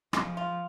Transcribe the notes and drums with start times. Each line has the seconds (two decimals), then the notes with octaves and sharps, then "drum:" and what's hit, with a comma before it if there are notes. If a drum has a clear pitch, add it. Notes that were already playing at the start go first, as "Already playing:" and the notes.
0.13 F3 G#3, drum: rim click
0.37 F4